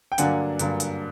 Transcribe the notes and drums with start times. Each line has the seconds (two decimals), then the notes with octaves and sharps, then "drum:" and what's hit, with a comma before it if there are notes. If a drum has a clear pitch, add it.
0.12 G5
0.18 G2 D3 F#3 A#3 D4 F#5 G#5, drum: hi-hat
0.59 G2 D3 F#3 A#3 D4, drum: hi-hat
0.80 drum: hi-hat